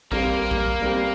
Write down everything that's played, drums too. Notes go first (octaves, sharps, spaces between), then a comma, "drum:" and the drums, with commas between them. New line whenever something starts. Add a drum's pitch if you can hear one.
G3 A#3 C4 G4, drum: kick A#1
drum: kick A#1
G3 C4 G4